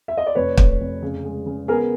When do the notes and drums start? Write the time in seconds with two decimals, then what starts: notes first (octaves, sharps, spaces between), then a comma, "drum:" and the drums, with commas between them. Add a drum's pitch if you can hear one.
0.08 E5
0.18 D#5
0.27 D5
0.35 F1 B4 C#5
0.57 F1, drum: kick
0.80 F1
1.03 C#3
1.24 G#3
1.46 C#3
1.68 B3 G#4 A#4